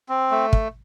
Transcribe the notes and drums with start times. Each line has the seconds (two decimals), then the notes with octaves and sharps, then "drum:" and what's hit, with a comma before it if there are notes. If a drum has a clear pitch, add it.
0.09 C4
0.31 A3
0.53 drum: kick